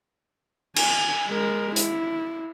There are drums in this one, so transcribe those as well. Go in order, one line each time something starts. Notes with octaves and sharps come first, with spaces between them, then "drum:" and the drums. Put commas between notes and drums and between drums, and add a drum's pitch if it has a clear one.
G#5, drum: cymbal
G#3 A#4
E4, drum: hi-hat